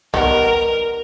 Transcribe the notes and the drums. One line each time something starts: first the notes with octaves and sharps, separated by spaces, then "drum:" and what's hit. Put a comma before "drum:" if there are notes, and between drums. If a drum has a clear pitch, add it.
D#3 G3 B3 A#4, drum: kick C2